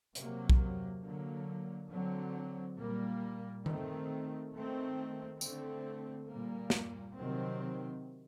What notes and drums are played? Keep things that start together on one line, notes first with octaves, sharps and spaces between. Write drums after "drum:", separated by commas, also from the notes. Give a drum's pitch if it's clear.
C3 F#3 A#3, drum: hi-hat
drum: kick B1
D3 F#3 A#3
D3 F#3 C4
A#2 G3 A#3
D#3 A3 C4, drum: tom D#3
D#3 A3 C4
D3 A3 C4, drum: tambourine
A#2 G3 A#3
drum: snare
C3 D#3 F#3 C4